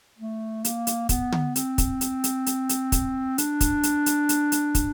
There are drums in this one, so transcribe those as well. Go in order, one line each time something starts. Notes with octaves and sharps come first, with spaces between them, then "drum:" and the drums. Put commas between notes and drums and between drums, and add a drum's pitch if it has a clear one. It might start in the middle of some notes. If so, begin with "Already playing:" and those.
A3
A#3, drum: hi-hat
drum: hi-hat
B3, drum: kick, hi-hat
drum: tom D3
C4, drum: hi-hat
drum: kick, hi-hat
drum: hi-hat
drum: hi-hat
drum: hi-hat
drum: hi-hat
drum: kick, hi-hat
D4, drum: hi-hat
drum: kick, hi-hat
drum: hi-hat
drum: hi-hat
drum: hi-hat
drum: hi-hat
drum: kick, hi-hat